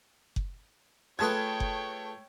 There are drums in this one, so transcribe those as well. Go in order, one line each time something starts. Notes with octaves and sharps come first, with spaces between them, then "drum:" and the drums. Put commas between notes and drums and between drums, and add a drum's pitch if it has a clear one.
drum: kick F#1
A3 F4 G#4 B4 C#5 G5 A5 G#6
drum: kick F#1